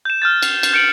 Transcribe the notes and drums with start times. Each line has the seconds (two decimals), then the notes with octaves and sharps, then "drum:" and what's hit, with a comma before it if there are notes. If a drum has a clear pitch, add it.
0.05 G6 E7
0.22 F6 G6 A6
0.42 drum: cymbal
0.63 drum: cymbal
0.73 G6 C#7 D7 E7 F#7